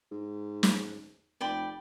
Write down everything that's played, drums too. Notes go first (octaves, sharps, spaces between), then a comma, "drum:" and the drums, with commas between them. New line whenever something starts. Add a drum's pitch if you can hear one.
G#2
drum: snare
F1 D5 G5 B5